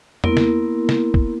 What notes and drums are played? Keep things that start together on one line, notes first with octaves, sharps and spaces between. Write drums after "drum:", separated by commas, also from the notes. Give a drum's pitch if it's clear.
A#3 B3 E4 A#4 C6, drum: tom E2
drum: snare
drum: snare
drum: kick